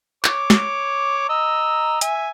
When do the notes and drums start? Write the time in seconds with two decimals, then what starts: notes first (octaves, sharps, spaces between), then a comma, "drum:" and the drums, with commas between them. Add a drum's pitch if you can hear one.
0.24 C#5 D6, drum: clap
0.50 drum: snare
1.29 D#5 A#5 E6
2.01 E5 G#5, drum: hi-hat